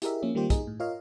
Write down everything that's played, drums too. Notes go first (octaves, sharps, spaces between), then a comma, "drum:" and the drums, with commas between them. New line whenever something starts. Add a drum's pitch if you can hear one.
E4 G4 G#4 A#4 D#5 E5, drum: hi-hat
F3 A#3 C#4
D#3 G3 A#3 F4 G4 C5
D#4 G#4, drum: kick, hi-hat
A2
F4 A#4 C#5 D#5 F5